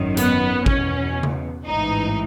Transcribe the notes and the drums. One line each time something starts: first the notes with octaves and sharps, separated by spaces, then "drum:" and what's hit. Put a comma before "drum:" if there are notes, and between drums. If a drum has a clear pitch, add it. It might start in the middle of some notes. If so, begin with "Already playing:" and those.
Already playing: G#1 F#2 D#3
B3, drum: hi-hat
E2 B2 C#4, drum: kick
drum: tom C#3
A1 G#2 E3 D#4